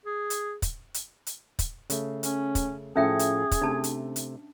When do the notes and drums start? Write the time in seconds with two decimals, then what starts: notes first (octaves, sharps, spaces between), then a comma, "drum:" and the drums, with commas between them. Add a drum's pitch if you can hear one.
0.06 G#4
0.30 drum: hi-hat
0.62 drum: kick, hi-hat
0.94 drum: hi-hat
1.27 drum: hi-hat
1.59 drum: kick, hi-hat
1.90 C#3 A3, drum: hi-hat
2.23 C#4, drum: hi-hat
2.55 drum: kick, hi-hat
2.96 A2 F3 C#4 G#4 A4 E5 G5
3.19 drum: hi-hat
3.51 drum: kick, hi-hat
3.62 C3 A3 D4 A5
3.84 drum: hi-hat
4.16 drum: hi-hat